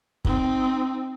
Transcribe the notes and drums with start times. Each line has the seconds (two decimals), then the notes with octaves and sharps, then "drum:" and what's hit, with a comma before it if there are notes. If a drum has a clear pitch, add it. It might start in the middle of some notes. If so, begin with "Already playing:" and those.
0.25 C4 D#4, drum: kick